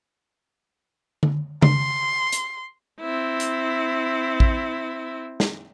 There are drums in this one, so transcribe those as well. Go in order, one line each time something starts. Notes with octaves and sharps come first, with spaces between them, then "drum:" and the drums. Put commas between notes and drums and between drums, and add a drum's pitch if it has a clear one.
drum: tom D3
C6, drum: tom C#3
drum: hi-hat
C4 E4
drum: hi-hat
drum: kick
drum: snare